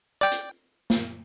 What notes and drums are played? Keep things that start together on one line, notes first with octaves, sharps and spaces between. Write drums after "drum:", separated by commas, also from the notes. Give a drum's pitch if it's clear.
D5 G5
drum: hi-hat
drum: snare